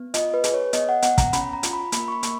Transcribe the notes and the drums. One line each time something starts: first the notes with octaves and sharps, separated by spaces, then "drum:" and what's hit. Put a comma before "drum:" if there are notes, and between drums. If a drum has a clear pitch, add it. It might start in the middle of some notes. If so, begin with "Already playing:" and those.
Already playing: B3
F4 D#5, drum: hi-hat
B4
G#4, drum: hi-hat
C#5
B3 D#5, drum: hi-hat
F#5
B3 F#5, drum: hi-hat
A#5, drum: kick, hi-hat
C#4 B5, drum: hi-hat
A#5
F4, drum: hi-hat
B5
A#3 B5, drum: hi-hat
C#6
B5
A#3, drum: hi-hat